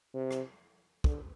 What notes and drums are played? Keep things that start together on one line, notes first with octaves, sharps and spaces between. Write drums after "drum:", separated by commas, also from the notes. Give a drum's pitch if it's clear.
C3
drum: rim click
D3, drum: kick